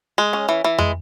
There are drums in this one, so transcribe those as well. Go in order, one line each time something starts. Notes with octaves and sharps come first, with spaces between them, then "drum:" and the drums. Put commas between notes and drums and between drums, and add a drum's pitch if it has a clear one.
G#3
C#4
E3
E3
G#3, drum: tom